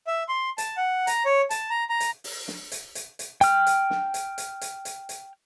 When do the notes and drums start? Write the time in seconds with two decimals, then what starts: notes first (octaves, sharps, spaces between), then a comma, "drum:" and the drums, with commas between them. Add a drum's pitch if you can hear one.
0.07 E5
0.29 C6
0.58 A5, drum: hi-hat
0.77 F#5
1.07 A#5, drum: hi-hat
1.26 C#5
1.50 A5, drum: hi-hat
1.70 A#5
1.89 A#5
2.00 drum: hi-hat
2.24 drum: open hi-hat
2.48 drum: snare
2.72 drum: hi-hat
2.95 drum: hi-hat
3.19 drum: hi-hat
3.41 G5 F6, drum: hi-hat
3.67 drum: hi-hat
3.90 drum: snare
4.14 drum: hi-hat
4.38 drum: hi-hat
4.61 drum: hi-hat
4.85 drum: hi-hat
5.09 drum: hi-hat